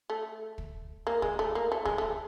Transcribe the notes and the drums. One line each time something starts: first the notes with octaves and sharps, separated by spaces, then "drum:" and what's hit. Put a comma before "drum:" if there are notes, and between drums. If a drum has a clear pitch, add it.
A3
drum: kick
A#3
G#3, drum: kick
A3
A#3
A3
G#3, drum: kick
A3